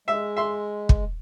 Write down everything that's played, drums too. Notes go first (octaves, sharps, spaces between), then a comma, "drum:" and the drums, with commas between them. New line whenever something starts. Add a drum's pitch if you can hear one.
G#3 E5
E5 C6
drum: kick